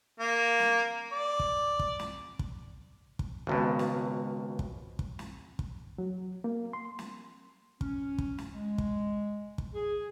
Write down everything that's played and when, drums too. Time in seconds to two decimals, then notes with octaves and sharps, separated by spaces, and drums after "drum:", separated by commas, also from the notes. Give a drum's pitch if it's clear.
0.20 A#3
0.60 drum: snare
1.12 D5
1.40 drum: kick
1.79 drum: kick
1.99 drum: snare
2.39 drum: kick
3.19 drum: kick
3.47 G#1 C#2 B2
3.79 drum: snare
4.59 drum: kick
4.99 drum: kick
5.19 drum: snare
5.59 drum: kick
5.98 F#3
6.44 A#3
6.73 C6
6.99 drum: snare
7.81 C#4, drum: kick
8.18 drum: kick
8.38 drum: snare
8.53 G#3
8.78 drum: kick
9.58 drum: kick
9.74 G#4